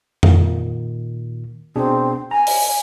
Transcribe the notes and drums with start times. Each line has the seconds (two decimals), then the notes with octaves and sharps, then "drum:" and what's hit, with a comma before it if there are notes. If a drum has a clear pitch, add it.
0.23 A#2 D#3, drum: tom F2
1.76 B2 C4 D4 G#4
2.31 G#5 A#5
2.47 drum: open hi-hat